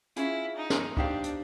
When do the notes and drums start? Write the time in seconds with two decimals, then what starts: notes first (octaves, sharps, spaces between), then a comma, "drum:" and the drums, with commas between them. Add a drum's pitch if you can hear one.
0.16 C#4 E4 F4 G#4, drum: hi-hat
0.57 D#4
0.70 drum: snare
0.97 D4 D#4 G4 C5 F5, drum: kick
1.24 drum: hi-hat